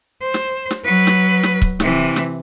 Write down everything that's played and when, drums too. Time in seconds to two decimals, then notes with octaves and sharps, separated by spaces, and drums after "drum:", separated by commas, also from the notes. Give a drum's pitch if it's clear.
0.22 C5
0.34 drum: snare
0.71 drum: snare
0.85 F#3 B4
1.07 drum: snare
1.43 drum: snare
1.62 drum: kick
1.80 C3 E3, drum: snare
2.16 drum: snare